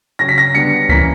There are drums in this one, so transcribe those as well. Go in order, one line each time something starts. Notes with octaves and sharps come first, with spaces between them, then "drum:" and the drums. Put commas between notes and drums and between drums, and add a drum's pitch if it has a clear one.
C#3 F#3 C#4 A#6
B6
A#6
D3 G3 B3 D4 C#7
E3 A#3 C#4 B6, drum: kick C#2